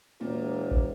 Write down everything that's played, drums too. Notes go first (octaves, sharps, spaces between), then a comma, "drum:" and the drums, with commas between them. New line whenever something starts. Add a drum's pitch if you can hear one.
E1 A#2
drum: kick G#1